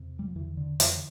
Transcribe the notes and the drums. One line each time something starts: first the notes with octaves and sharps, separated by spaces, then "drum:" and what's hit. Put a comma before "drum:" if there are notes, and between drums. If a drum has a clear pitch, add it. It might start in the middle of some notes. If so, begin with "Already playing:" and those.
Already playing: E2 C3
G3
F3
E2 D3 E3
D3
F2 D3 E3, drum: hi-hat